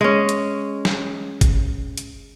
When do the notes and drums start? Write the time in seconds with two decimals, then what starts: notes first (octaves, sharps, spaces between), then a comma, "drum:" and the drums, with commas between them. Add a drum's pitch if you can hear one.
0.01 G#3 C#4
0.29 drum: hi-hat
0.85 drum: snare
1.41 drum: kick G1, hi-hat
1.97 drum: hi-hat